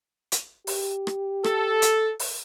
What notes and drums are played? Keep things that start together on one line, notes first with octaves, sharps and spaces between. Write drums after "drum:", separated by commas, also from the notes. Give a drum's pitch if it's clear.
drum: hi-hat
G4, drum: open hi-hat
drum: rim click
A4, drum: rim click
drum: hi-hat
drum: open hi-hat